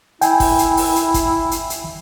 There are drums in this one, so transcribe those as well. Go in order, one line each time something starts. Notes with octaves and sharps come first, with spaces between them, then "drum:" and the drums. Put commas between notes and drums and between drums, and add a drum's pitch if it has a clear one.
E4 G5 G#5, drum: hi-hat
drum: kick G1, open hi-hat
drum: hi-hat
drum: open hi-hat
drum: hi-hat
drum: kick G1, hi-hat
drum: hi-hat
drum: hi-hat